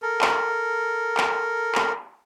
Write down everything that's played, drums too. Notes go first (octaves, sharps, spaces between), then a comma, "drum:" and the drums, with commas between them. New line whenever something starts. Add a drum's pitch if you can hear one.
A4 A#4
drum: clap
drum: clap
drum: clap